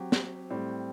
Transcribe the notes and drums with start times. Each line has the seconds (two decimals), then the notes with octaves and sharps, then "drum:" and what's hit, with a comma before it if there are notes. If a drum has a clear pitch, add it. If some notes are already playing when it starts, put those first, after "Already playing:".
Already playing: F#3 C4 G4
0.12 drum: snare
0.50 A2 G3 C4